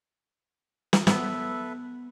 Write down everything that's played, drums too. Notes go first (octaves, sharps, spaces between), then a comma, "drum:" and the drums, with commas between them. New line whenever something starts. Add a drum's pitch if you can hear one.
drum: snare
B3 A4 B4 E5, drum: snare